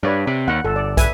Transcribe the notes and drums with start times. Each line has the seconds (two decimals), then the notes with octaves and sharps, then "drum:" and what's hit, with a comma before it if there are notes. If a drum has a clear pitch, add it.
0.03 G2 B4 C#5 D5
0.27 C3
0.48 D#2 F#5
0.64 G1 A4
0.76 D5
0.97 B4 E5 G#5, drum: kick, hi-hat